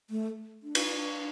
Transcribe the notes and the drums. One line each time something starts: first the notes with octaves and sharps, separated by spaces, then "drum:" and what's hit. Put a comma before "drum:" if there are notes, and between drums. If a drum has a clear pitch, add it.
A3
D4
drum: cymbal